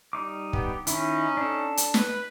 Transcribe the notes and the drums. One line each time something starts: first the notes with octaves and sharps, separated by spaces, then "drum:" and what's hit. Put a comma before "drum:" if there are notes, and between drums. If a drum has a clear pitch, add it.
G3 D#4 D6
B3 G4, drum: kick
D#3 C#4 D#4 E4, drum: hi-hat
D4 A4
drum: hi-hat
B4, drum: snare